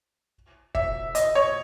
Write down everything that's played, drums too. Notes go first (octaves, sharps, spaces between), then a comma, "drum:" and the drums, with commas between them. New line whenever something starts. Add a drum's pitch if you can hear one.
E5, drum: kick
D#5, drum: hi-hat
C#5